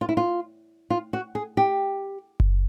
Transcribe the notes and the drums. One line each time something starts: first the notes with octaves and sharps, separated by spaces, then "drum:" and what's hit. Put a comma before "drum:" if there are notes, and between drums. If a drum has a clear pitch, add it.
F4
E4
F4
F4
F#4
G#4
G4
drum: kick F#1